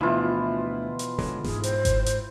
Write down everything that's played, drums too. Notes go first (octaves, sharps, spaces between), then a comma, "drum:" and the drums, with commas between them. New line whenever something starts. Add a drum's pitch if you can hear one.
D2 B2 E3 F3 E4 F4
drum: hi-hat
D3 F#3 G#3, drum: snare E1
G#2 G#4, drum: snare E1
C5, drum: hi-hat
drum: kick G1, hi-hat
drum: hi-hat